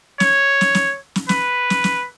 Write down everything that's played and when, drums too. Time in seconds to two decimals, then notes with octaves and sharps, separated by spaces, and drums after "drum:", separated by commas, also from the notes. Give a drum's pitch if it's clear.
0.20 C#5, drum: snare
0.61 drum: snare
0.75 drum: snare
1.16 drum: snare
1.29 B4, drum: snare
1.70 drum: snare
1.84 drum: snare